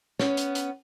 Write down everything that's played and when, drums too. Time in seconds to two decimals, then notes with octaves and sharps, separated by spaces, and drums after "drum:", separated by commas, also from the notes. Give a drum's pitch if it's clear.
0.19 B3 C#4, drum: snare
0.37 drum: hi-hat
0.55 drum: hi-hat